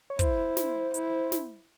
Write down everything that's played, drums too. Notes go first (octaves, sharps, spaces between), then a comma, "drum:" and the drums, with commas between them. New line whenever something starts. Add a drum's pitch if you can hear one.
C#5
E4 C5, drum: kick, hi-hat
drum: snare
E4, drum: hi-hat
drum: snare